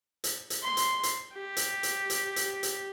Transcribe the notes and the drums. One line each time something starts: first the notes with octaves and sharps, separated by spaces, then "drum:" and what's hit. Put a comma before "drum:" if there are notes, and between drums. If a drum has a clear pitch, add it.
drum: hi-hat
drum: hi-hat
C6
drum: hi-hat
drum: hi-hat
G4
drum: hi-hat
drum: hi-hat
drum: hi-hat
drum: hi-hat
drum: hi-hat